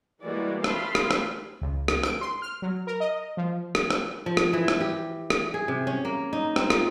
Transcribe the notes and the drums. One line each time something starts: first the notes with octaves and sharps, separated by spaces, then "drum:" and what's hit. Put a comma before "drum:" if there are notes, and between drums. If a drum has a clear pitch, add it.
E3 G3 G#3 A#3 F#4 D5
A3 G4 F5 A5 B5 C6, drum: rim click
drum: rim click
drum: rim click
C#2
drum: rim click
D7, drum: rim click
C6
F6
F#3
A#4
D#5
F3
drum: rim click
drum: rim click
F3
drum: rim click
E3
drum: rim click
G4
drum: rim click
G#4
C3
C#4
A#3
D#4
C4, drum: rim click
F4, drum: rim click